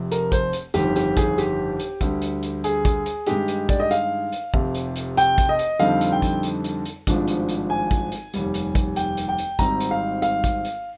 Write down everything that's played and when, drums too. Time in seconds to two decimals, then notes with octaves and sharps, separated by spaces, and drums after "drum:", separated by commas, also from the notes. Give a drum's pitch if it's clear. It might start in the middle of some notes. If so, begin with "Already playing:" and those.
Already playing: F1 F2 C3
0.12 A#4, drum: hi-hat
0.32 C5, drum: kick, hi-hat
0.53 drum: hi-hat
0.74 G1 F2 D#3 G3 G4, drum: hi-hat
0.96 G4, drum: hi-hat
1.17 G#4, drum: kick, hi-hat
1.38 G4, drum: hi-hat
1.80 drum: hi-hat
2.01 D2 D3 G3, drum: kick, hi-hat
2.22 drum: hi-hat
2.43 drum: hi-hat
2.64 G#4, drum: hi-hat
2.85 drum: kick, hi-hat
3.06 drum: hi-hat
3.27 G2 D#3 G#3 D#4 G4, drum: hi-hat
3.48 drum: hi-hat
3.69 D5, drum: kick, hi-hat
3.80 D#5
3.91 F5, drum: hi-hat
4.33 drum: hi-hat
4.54 F1 F2 C3, drum: kick
4.75 drum: hi-hat
4.96 drum: hi-hat
5.17 G5, drum: hi-hat
5.38 drum: kick, hi-hat
5.49 D#5
5.59 drum: hi-hat
5.80 F2 D3 G3 C4 D#4 F5, drum: hi-hat
6.01 drum: hi-hat
6.12 G5
6.22 drum: kick, hi-hat
6.43 drum: hi-hat
6.64 drum: hi-hat
6.85 drum: hi-hat
7.07 G#1 G2 F3 G#3 D4, drum: kick, hi-hat
7.28 drum: hi-hat
7.49 drum: hi-hat
7.70 G#5
7.91 drum: kick, hi-hat
8.12 drum: hi-hat
8.34 F1 D#2 D#3 G3, drum: hi-hat
8.54 drum: hi-hat
8.75 drum: kick, hi-hat
8.96 G5, drum: hi-hat
9.17 drum: hi-hat
9.28 G5
9.38 drum: hi-hat
9.59 G#1 G#2 G3 C4 D#4 A#5, drum: kick, hi-hat
9.81 drum: hi-hat
9.91 F5
10.22 F5, drum: hi-hat
10.44 drum: kick, hi-hat
10.65 drum: hi-hat